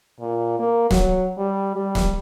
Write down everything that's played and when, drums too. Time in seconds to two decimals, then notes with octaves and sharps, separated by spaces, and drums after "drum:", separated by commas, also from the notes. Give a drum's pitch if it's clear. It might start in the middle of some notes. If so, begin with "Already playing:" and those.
0.20 A#2
0.59 A#3
0.91 F#3, drum: snare
1.38 G3
1.76 G3
1.95 drum: snare